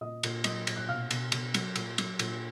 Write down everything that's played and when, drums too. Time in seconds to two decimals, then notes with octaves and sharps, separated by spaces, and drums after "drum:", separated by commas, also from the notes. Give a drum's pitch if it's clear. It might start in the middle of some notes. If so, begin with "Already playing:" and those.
0.01 A#2 D#5 D#6
0.23 A#2, drum: cymbal
0.44 F#3 D#5 D#6, drum: cymbal
0.67 A#2, drum: cymbal
0.76 F#6
0.89 B2 F5 F6
1.11 B2, drum: cymbal
1.32 B2, drum: cymbal
1.54 F#3, drum: cymbal
1.76 A#2, drum: cymbal
1.98 F#3, drum: cymbal
2.19 A#2, drum: cymbal